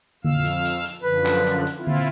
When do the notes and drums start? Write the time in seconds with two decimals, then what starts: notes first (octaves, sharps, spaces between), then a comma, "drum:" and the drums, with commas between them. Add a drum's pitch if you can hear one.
0.24 F2 F5 E6, drum: tom D3
0.45 drum: hi-hat
0.65 drum: hi-hat
0.85 drum: hi-hat
1.02 F#2 D3 F3 B4
1.26 drum: clap
1.46 drum: hi-hat
1.67 drum: hi-hat
1.77 C4 E4 F4
1.87 drum: tom D3